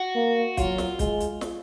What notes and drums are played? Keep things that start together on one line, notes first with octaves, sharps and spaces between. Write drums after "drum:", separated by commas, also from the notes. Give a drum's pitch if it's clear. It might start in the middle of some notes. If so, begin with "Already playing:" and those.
Already playing: F#4
A#3
F#3 F4, drum: kick, hi-hat
drum: snare
G#3, drum: kick, hi-hat
drum: hi-hat
drum: snare